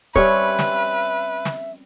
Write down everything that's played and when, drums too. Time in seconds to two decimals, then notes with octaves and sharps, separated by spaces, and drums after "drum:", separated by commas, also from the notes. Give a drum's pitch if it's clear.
0.15 G3 C4 C#4 B4 C#5 E5, drum: kick
0.59 drum: snare
1.45 drum: snare